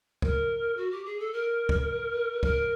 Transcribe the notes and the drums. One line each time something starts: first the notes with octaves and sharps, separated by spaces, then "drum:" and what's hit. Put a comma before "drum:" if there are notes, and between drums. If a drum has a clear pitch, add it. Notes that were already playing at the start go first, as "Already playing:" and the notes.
A#4, drum: kick
F#4
G4
G#4
A4
A#4
drum: kick
A#4, drum: kick